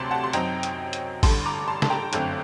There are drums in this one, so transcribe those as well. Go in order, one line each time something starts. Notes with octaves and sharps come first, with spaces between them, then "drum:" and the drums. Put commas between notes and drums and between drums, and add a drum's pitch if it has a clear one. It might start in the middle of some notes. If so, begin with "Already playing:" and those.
Already playing: D2 C3 F#3 D4 A5 C6 D6
F#5 A5
C6
F#2 F#3 C4 D#4 G5 A#5, drum: hi-hat
drum: hi-hat
drum: hi-hat
A1 G2 D3 A5 C6, drum: kick G#1, open hi-hat
A#5 D6
A5 C6
A5, drum: snare
G5 A#5
G1 F#2 D3 A3 C4, drum: hi-hat